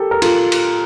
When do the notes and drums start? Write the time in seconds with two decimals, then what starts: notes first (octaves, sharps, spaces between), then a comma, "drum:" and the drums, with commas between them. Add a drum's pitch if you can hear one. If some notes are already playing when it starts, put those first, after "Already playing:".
Already playing: G4 A4 A#4
0.11 A#4
0.22 F4 A4, drum: cymbal
0.52 drum: cymbal